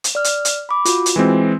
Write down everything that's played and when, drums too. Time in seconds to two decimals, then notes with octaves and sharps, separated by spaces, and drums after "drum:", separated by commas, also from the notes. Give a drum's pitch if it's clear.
0.04 drum: hi-hat
0.15 D5 F6
0.24 drum: hi-hat
0.45 drum: hi-hat
0.69 B5 D6
0.85 F4 F#4, drum: hi-hat
1.06 drum: hi-hat
1.16 E3 G#3 C4